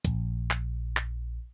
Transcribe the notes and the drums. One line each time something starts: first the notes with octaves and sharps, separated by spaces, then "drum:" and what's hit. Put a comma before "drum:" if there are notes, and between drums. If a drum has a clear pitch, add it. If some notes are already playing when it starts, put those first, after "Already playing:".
A#1, drum: kick, hi-hat
drum: clap
drum: clap